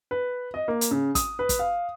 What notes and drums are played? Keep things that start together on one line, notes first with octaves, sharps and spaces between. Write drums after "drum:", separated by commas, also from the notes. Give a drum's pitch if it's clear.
B4
D#5
A#3
drum: hi-hat
C#3
D#6, drum: kick, hi-hat
B4
drum: kick, hi-hat
F5